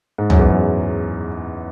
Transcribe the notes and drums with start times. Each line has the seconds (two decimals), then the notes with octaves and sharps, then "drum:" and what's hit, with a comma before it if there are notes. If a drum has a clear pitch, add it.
0.18 G#2
0.30 F#2, drum: tom
0.39 E2
0.50 F#2